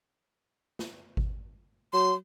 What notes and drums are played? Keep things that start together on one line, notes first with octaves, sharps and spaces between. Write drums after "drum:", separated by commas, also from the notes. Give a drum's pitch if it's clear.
drum: snare
drum: kick G#1
F#3 C6